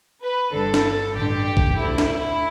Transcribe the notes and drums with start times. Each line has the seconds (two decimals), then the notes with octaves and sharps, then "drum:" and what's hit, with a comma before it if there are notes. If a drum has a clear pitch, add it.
0.22 B4
0.53 G1 G2 D3 A4
0.74 drum: snare
1.15 A1 G2 D3 G4
1.57 drum: kick
1.77 D2 D3 E4
1.98 drum: snare